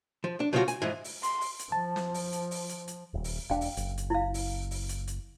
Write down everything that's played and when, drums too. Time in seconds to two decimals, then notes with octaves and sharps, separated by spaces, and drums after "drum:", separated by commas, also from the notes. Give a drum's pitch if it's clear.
0.24 F3
0.40 D4
0.53 C#3 F3 G3 C4 F4 F#4
0.68 G#5, drum: hi-hat
0.82 G#2 E3 F3
1.04 drum: open hi-hat
1.23 C6, drum: hi-hat
1.41 drum: open hi-hat
1.59 drum: hi-hat
1.72 F3 A5
1.96 drum: snare
2.14 drum: open hi-hat
2.33 drum: hi-hat
2.51 drum: open hi-hat
2.69 drum: hi-hat
2.88 drum: hi-hat
3.14 D#1
3.24 drum: open hi-hat
3.50 E1 D4 F5 G5
3.61 drum: open hi-hat
3.77 F#1, drum: hi-hat
3.98 drum: hi-hat
4.10 E4 F5
4.34 drum: open hi-hat
4.71 drum: open hi-hat
4.89 drum: hi-hat
5.07 drum: hi-hat